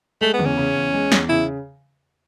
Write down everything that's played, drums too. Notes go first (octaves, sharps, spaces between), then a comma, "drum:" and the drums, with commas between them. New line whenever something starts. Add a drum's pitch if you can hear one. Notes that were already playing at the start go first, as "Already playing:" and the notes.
G#3 A3
B3
E2, drum: tom C#3
C#4
C#3
E2
G#3
E2, drum: snare
C#3 E4